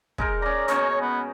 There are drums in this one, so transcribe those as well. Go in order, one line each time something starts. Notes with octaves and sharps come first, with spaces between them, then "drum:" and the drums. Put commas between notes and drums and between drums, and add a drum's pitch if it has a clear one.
G#3 D#4 A#4, drum: kick
C#4 D5 A#5
B2 C#4 D#4 C#5, drum: hi-hat
B3